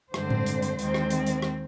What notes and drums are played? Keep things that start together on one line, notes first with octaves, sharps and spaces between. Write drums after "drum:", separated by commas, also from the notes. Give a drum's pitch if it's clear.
G2 D3 G#3 C4 C5, drum: rim click
drum: tom A2
drum: hi-hat
drum: hi-hat
D#2 D#3 G#3 C4, drum: hi-hat
drum: rim click
drum: hi-hat
drum: hi-hat
drum: rim click